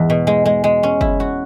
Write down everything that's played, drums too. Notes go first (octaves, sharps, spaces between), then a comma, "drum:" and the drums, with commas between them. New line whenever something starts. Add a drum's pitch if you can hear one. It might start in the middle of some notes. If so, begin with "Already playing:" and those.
Already playing: E2 G#2 G#3
B2
G#3
G#3
G#3
C#4
E4, drum: kick F#1
F#4